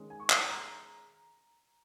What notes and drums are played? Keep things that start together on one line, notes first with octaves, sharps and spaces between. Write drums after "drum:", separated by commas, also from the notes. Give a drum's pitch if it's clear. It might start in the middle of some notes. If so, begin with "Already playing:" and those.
Already playing: D#3 G#3 C#4
G#5
C#6
C6, drum: clap
A#5